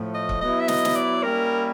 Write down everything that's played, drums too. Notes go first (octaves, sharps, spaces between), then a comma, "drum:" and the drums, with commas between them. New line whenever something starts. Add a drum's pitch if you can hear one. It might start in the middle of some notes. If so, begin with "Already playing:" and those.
Already playing: A2 F3 A3
D#5
drum: kick
F#3 B3 E4 D#5
E5
D#5, drum: snare
drum: snare
D5
G3 A#3 C#4 E4 A#4